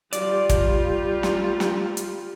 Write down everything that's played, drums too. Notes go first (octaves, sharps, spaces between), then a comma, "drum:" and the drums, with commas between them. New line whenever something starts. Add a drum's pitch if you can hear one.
G3 F4 D5, drum: hi-hat
drum: kick, hi-hat
drum: snare
drum: snare
drum: hi-hat